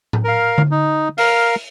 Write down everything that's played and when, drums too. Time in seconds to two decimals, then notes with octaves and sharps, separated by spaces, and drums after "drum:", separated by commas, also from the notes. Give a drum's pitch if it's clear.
0.13 drum: tom A2
0.24 A#4 F5
0.58 drum: tom D3
0.71 D#4
1.18 A#4 F5, drum: open hi-hat